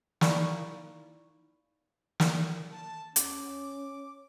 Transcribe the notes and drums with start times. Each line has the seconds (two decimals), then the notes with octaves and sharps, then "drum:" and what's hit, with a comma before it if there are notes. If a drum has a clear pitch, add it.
0.21 D#4 E4 D5 F5 B5 C#6, drum: snare
2.20 drum: snare
2.71 A5
3.16 C#4 D6, drum: hi-hat